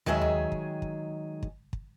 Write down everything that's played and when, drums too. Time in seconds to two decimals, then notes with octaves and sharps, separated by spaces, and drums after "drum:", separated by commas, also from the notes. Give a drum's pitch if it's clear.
0.06 D#3 F#3 G#3 G#4 E5, drum: tom
0.21 drum: tom
0.52 drum: kick
0.82 drum: kick
1.43 drum: kick
1.73 drum: kick